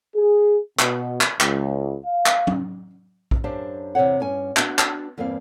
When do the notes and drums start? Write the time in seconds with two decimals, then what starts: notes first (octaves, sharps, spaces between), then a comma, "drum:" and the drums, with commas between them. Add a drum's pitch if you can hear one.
0.16 G#4
0.79 B2, drum: clap
1.21 drum: clap
1.40 C#2, drum: clap
2.06 F5
2.26 drum: clap
2.47 drum: tom F#3
3.31 drum: kick A#1
3.44 F#2 D4 G4 C5 F5 A5
3.95 E2 C3 C5 C#5 F#5
4.20 G2 C#4 G#5
4.57 B3 D4 F#4, drum: clap
4.79 drum: clap
5.18 E2 G2 A#3 C4 F5